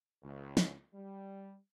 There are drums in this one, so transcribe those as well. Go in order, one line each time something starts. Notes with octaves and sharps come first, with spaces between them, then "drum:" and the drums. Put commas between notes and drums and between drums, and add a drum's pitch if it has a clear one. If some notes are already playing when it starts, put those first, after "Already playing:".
C#2
drum: snare
G3